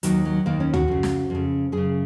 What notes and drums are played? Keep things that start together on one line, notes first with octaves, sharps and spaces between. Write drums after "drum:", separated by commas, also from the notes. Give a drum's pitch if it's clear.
D#2 D#3 F#3, drum: hi-hat
F#3
D#2 D#3 A#3
C#4
F#4, drum: tom
F2 C#3
drum: snare
F2 C#3
F#2 C#3 G#4